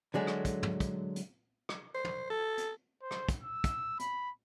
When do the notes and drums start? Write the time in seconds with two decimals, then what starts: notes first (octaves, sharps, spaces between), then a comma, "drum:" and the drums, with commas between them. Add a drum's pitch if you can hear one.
0.14 D3 F#3 G#3 A3
0.27 drum: rim click
0.45 drum: kick, hi-hat
0.63 drum: tom
0.80 drum: kick, hi-hat
1.16 drum: hi-hat
1.69 drum: rim click
1.95 C5
2.04 drum: tom
2.30 A4
2.58 drum: hi-hat
3.02 C5
3.11 drum: rim click
3.29 drum: kick, hi-hat
3.42 E6
3.64 drum: kick, hi-hat
3.99 B5, drum: hi-hat